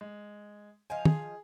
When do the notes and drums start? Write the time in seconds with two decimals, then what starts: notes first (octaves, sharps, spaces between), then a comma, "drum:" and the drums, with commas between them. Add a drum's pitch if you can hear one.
0.01 G#3
0.90 F3 D#5 F5 G#5
1.05 G#4, drum: tom